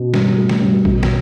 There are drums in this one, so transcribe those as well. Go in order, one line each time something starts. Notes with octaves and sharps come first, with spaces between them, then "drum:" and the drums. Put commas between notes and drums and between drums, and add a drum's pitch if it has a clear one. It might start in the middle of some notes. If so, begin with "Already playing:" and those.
Already playing: B2
G2, drum: snare
A3
drum: snare
G2
B2, drum: kick A#1
drum: snare